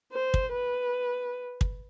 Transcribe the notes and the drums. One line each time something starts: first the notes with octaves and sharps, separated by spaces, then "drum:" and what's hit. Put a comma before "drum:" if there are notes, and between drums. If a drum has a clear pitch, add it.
C5
drum: kick
B4
drum: kick